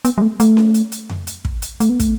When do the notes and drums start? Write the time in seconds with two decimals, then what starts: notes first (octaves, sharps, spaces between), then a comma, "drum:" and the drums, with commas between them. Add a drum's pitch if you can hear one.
0.05 B3, drum: hi-hat
0.18 G3
0.22 A3
0.40 A3, drum: hi-hat
0.57 drum: snare C#4
0.74 drum: hi-hat
0.92 drum: hi-hat
1.09 drum: tom F2
1.27 drum: hi-hat
1.45 drum: kick
1.62 drum: hi-hat
1.80 A3, drum: hi-hat
1.90 B3
2.00 A3, drum: kick, hi-hat